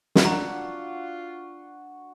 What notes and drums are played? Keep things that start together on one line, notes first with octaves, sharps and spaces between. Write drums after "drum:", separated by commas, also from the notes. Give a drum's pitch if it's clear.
drum: snare
D4 F4 F#4 A#5